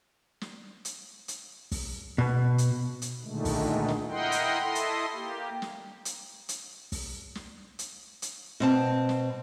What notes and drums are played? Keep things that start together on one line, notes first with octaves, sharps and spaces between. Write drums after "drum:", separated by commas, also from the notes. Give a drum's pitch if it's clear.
drum: snare
drum: hi-hat
drum: hi-hat
drum: kick, open hi-hat
B2
drum: hi-hat
drum: hi-hat
A#2 D3 D#3 G#3 A3
drum: kick, open hi-hat
drum: snare
E4 A#4 D#5 F#5 G5 C6
drum: hi-hat
E4 A4 D#5 C6
drum: hi-hat
A#3 G4
drum: snare
drum: hi-hat
drum: hi-hat
drum: kick, open hi-hat
drum: snare
drum: hi-hat
drum: hi-hat
B2 C4 A5
drum: snare